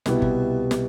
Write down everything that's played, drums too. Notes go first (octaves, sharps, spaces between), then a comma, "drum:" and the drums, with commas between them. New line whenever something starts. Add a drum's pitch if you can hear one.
C2 B2 G3 B3 E4, drum: snare
drum: kick G#1
drum: snare